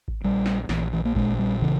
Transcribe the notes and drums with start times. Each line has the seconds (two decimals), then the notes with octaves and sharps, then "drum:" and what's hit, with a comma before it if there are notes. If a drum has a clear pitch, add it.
0.08 drum: kick G#1
0.24 A#1 G3
0.46 drum: snare
0.69 A#1 E3, drum: snare
0.93 E3
1.05 A#3
1.15 A#2 G#3, drum: kick G#1
1.39 G3
1.62 C#3 E3